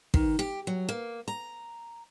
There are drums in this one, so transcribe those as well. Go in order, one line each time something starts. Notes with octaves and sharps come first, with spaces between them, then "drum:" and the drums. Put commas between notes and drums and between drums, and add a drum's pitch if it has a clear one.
D#3, drum: kick
G4
F#3
A#3
A#5